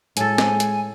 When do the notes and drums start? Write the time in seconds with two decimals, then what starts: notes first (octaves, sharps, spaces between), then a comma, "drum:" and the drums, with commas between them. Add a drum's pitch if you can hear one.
0.17 A2 G#3 A4 G#5, drum: hi-hat
0.38 drum: snare
0.60 drum: hi-hat